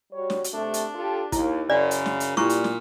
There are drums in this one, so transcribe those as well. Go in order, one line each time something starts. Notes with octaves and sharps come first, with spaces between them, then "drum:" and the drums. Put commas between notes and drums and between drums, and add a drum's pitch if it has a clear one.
G3 F#4 C#5
drum: snare
drum: hi-hat
C3 A3 D4
drum: hi-hat
F4 G4 A4
D#2 E4, drum: kick, hi-hat
F#2 C#3 D5
drum: hi-hat
drum: snare
drum: hi-hat
A#2 G3 E4 C#6, drum: snare
drum: hi-hat
drum: snare